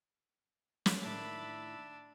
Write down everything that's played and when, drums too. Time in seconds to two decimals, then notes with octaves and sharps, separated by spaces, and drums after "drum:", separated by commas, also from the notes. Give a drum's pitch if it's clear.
0.86 drum: snare
1.02 A2 D#3 A3 D4 E5 B5